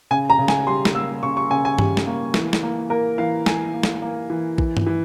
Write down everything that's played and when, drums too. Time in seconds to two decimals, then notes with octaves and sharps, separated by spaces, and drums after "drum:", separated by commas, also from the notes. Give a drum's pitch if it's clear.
0.11 C#3 G#5
0.30 A#5
0.39 C#3
0.48 G#5, drum: snare
0.67 G3 C6
0.85 drum: snare
0.95 A#3 E6
1.23 C#3 C#6
1.37 C#6
1.50 C#3 G#5
1.65 G#5
1.79 G3, drum: tom G2
1.97 drum: snare
2.07 A#3
2.34 E3, drum: snare
2.53 drum: snare
2.63 A#3
2.90 A#3 A#4
3.18 E3 F5
3.46 E3 G#5, drum: snare
3.74 A#3
3.83 drum: snare
4.02 A#3
4.30 E3
4.58 E3, drum: kick A#1
4.77 drum: tom G2
4.86 E3